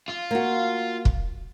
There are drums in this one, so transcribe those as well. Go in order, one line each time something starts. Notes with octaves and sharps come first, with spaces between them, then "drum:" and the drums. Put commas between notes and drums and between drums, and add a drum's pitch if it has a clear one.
F4
A#3 F#4
drum: kick